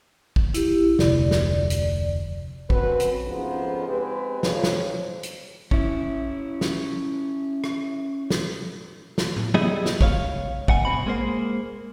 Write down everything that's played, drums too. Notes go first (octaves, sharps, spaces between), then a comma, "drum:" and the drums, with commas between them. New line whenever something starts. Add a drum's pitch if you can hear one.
drum: kick
E4 G4, drum: hi-hat
F1 D2 D5, drum: snare
drum: snare
drum: hi-hat
F#2 B2 C4 F#4 B4, drum: kick
drum: hi-hat
F2 G#2 C#3 F3 B3 C5
G#3 C4 G4 B4
F2 F3 C#5, drum: snare
drum: snare
drum: hi-hat
C#4 E4, drum: kick
drum: snare
drum: rim click
drum: snare
drum: snare
drum: tom A2
F#3 G3 B3 E4 G#4 D#5
drum: snare
C#2 C#5 F5, drum: kick
G#2 F#5 G#5, drum: kick
C2 B2 C4 B5
G#3 A#3 C5